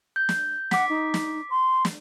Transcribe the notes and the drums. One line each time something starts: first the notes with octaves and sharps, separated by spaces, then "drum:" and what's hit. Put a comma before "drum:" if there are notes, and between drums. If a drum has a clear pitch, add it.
G6
drum: snare
F#5 D6 B6, drum: snare
D#4
drum: snare
C6
drum: snare